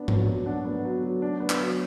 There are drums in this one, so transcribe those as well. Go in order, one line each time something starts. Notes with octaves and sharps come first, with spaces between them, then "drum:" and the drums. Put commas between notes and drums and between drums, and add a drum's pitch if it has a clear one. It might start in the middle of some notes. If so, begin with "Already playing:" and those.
Already playing: B3 D4
F#3, drum: tom G#2
F#3
D4 F#5
B3
F#3
F#3
D4
B3
drum: clap
F#3